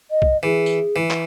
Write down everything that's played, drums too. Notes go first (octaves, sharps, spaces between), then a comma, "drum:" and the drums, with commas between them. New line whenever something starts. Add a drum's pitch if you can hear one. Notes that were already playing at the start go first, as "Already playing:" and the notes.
D#5
drum: kick B1
E3 G#4
drum: tambourine
E3
drum: clap